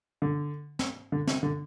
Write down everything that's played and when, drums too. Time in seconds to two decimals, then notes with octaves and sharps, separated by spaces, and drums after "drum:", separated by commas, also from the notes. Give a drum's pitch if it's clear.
0.22 D3
0.79 drum: snare
1.12 D3
1.27 C3, drum: snare
1.43 D3